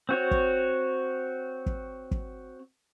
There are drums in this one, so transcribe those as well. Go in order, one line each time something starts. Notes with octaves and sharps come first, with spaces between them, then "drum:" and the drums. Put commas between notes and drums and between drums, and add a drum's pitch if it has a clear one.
C4 F#4 C#5
drum: kick
drum: kick
drum: kick